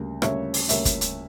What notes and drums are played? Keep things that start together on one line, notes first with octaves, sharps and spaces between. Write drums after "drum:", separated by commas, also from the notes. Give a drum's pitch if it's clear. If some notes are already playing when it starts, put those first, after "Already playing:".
Already playing: D2 C#3 G3 A#3
D2 C#3 G3 A#3 C#5 E5, drum: rim click
drum: open hi-hat
D2 C#3 G3 A#3 C#5 E5, drum: hi-hat
drum: kick, hi-hat
drum: hi-hat